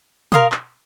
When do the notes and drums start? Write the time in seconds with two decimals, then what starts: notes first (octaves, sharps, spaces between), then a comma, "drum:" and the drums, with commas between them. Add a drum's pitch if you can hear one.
0.32 A#4 F5 C6 D#6, drum: tom B2
0.52 drum: clap